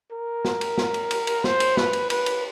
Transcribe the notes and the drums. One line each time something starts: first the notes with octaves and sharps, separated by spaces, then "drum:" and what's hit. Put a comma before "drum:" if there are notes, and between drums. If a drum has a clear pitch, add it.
A#4
drum: snare
drum: cymbal
drum: snare
drum: cymbal
drum: cymbal
drum: cymbal
C5, drum: snare
drum: cymbal
B4, drum: snare
drum: cymbal
B4, drum: cymbal
drum: cymbal